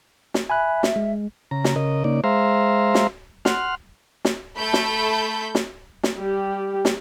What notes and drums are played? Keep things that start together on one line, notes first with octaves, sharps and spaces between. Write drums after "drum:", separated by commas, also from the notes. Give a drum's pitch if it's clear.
drum: snare
E5 G#5 B5 F#6
drum: snare
G#3
C#3 A#5
drum: snare
C#3 A#4 D#5
C#3 A#3 D#4 D5
G#3 C5 E5 F5 A#5 C6
drum: snare
F#5 C6 F6, drum: snare
drum: snare
A3 A4 B5 G6
drum: snare
drum: snare
drum: snare
G3 G4
drum: snare